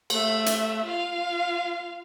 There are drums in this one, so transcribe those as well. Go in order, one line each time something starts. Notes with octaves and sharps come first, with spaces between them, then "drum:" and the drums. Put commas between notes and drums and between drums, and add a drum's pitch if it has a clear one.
A3 E5, drum: cymbal
drum: hi-hat
F4 F5